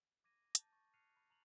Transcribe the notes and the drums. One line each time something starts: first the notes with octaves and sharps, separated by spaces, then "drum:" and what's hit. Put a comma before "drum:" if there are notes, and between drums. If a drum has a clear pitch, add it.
D6 G#6 A#6 D#7
A5 G6 A6, drum: hi-hat
C#6 A6
F6 F#6 C7 C#7 D#7 F7
B5
A#5 F7 F#7